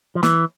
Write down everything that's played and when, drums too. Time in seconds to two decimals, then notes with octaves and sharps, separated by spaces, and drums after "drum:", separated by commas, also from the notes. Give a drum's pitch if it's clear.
0.15 F3
0.23 E3, drum: snare